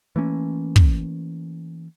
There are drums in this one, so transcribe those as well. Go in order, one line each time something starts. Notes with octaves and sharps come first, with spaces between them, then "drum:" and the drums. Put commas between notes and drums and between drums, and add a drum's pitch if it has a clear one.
E3 A3 A#3 C#4
drum: kick